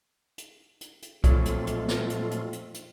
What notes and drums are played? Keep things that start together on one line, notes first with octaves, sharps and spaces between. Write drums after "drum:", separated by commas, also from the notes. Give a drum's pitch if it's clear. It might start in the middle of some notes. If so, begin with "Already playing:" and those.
drum: hi-hat
drum: hi-hat
drum: hi-hat
F2 A#2 F#3 A3 F4, drum: kick B1, hi-hat
drum: hi-hat
drum: hi-hat
drum: snare
drum: hi-hat
drum: hi-hat
drum: hi-hat
drum: hi-hat